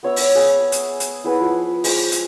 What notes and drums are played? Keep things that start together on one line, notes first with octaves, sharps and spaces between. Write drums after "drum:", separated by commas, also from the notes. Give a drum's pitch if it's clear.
B3 C#5 E5 E6
drum: open hi-hat
G#4 G5 B5
drum: hi-hat
drum: hi-hat
E4 G#4 B4 F#5
F3 B4
G#3 C5, drum: open hi-hat
drum: hi-hat